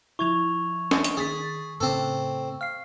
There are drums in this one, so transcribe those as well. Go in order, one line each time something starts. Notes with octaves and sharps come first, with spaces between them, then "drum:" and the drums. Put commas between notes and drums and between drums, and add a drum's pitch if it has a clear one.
F3 E4 C#6 G#6 F7
drum: snare
drum: hi-hat
D#3 G#4 A6 B6
A2 C#3 C4 A4
F5 F6 C7